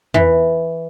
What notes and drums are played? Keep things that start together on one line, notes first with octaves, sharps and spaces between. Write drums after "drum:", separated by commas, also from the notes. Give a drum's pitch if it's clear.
E3, drum: tom E2